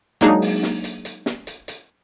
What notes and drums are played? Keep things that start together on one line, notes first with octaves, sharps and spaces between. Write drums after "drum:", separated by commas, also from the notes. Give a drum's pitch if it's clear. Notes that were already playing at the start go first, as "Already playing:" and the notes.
F#3 G#3 A#3 D4 D#4 G#4
drum: open hi-hat
drum: snare
drum: hi-hat
drum: hi-hat
drum: snare
drum: hi-hat
drum: hi-hat